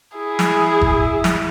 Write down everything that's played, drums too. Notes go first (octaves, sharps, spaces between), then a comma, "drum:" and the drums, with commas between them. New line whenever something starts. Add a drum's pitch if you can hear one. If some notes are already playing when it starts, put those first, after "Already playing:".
E4 G#4
drum: snare
drum: kick F#1
drum: snare